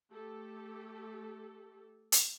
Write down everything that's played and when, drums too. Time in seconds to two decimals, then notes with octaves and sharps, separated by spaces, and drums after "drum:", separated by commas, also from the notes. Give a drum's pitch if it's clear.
0.11 A3 G4 A4
2.12 drum: hi-hat